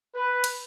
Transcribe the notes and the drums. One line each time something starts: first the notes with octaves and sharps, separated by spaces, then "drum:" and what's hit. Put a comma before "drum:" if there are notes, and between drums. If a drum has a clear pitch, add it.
B4
drum: cymbal